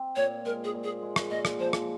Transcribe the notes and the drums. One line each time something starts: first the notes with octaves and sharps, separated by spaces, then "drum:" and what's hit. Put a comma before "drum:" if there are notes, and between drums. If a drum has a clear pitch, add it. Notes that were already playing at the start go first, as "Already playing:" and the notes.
Already playing: C4
A#2 C#5
G#3 A#4
G#4
A#2
G#4
G#3
drum: rim click
A#2 D#5
drum: rim click
F3 C5
drum: rim click